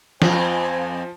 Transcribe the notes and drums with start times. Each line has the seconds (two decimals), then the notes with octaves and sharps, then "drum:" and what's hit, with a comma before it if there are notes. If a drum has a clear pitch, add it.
0.22 F2 F3 C4 C5 G#5, drum: snare